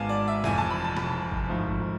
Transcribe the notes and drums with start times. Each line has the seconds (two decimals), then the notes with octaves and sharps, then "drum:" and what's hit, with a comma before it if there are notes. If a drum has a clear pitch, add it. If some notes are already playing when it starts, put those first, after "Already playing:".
Already playing: G#1 G#2 G#3 B3 F5 G#5 A5 D6
0.09 D5
0.28 E5
0.44 F1 F2 E3 G#5, drum: snare
0.58 A5
0.70 B5
0.84 A5
0.97 B5, drum: snare
1.32 drum: kick G#1
1.48 G#1 G#2 F3 A3
1.66 drum: kick G#1